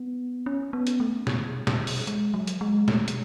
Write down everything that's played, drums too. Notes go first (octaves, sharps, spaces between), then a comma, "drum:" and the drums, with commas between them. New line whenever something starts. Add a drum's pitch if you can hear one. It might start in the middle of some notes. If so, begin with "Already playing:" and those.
Already playing: B3
C#4
B3
drum: hi-hat
A3
drum: snare
drum: snare
drum: open hi-hat
G#3, drum: hi-hat
F#3
drum: hi-hat
G#3
A3, drum: snare
drum: hi-hat